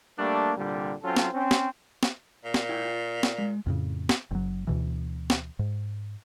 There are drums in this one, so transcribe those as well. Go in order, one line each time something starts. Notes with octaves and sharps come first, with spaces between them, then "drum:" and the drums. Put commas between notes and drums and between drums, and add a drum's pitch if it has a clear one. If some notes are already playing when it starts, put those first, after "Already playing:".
G3 A3 A#3 D4
C2 A#2 D3 G3
F#3 C4 C#4 F4 A4
drum: snare
C4 C#4
drum: snare
drum: snare
A#2
drum: snare
E4 G5
F4
drum: snare
G#3
F2 A2 C#3
drum: snare
F#1 F#3
D2 B2 E3
drum: snare
G#2